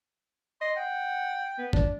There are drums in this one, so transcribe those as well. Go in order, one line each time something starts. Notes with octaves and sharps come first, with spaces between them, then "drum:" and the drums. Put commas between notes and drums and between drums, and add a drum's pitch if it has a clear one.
D#5 C6
F#5 G5
B3
D4, drum: kick